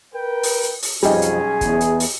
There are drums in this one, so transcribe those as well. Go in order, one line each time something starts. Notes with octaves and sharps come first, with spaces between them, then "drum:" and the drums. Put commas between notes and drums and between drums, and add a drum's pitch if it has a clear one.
A#4 B4 G5
drum: open hi-hat
drum: hi-hat
drum: open hi-hat
B1 F2 G3 C#4 D#4 G#4, drum: hi-hat
drum: hi-hat
E2, drum: kick, hi-hat
drum: hi-hat
drum: open hi-hat